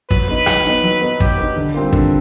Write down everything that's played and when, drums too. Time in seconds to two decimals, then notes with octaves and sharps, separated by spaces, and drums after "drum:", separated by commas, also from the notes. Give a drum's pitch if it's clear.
0.10 F#3 B4, drum: kick
0.28 B3 D#4
0.46 F#3, drum: rim click
0.65 B3 D#4
0.84 F#3
1.02 B3 D#4
1.20 F#3 G4, drum: kick
1.37 B3 D#4
1.56 D3
1.74 G3 C4 F4 A#4
1.92 D3, drum: kick